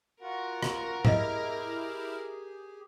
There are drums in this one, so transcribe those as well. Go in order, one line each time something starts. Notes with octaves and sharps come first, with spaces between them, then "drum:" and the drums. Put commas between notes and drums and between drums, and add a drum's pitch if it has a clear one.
F4 F#4 A#4 F#5
drum: rim click
E4 G4 G#4 D#5 F5 D6 F6, drum: tom G#2